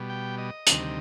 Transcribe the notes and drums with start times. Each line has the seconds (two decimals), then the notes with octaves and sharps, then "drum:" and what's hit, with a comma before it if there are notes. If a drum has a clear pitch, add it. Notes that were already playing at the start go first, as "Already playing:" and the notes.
Already playing: B2 G3
0.10 G5
0.38 D#5
0.67 D2 C3 D#3 G3, drum: hi-hat